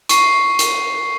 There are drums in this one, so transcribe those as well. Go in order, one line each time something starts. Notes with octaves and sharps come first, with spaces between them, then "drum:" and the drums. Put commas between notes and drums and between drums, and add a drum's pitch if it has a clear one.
C#6 C7, drum: hi-hat
drum: hi-hat